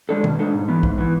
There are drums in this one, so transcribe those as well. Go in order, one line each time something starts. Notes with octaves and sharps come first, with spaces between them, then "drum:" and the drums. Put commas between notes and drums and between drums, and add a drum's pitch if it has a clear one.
G#3 D4 A4
B2, drum: tom
G#3 D4 A4
G#2
E3 B3
G#2, drum: kick
E3 B3